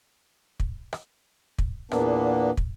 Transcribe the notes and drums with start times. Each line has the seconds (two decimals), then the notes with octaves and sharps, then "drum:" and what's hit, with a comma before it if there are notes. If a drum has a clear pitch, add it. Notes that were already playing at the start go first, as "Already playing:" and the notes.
0.60 drum: kick
0.93 drum: rim click
1.59 drum: kick
1.91 E2 A#2 A#3 B3 D4, drum: rim click
2.57 drum: kick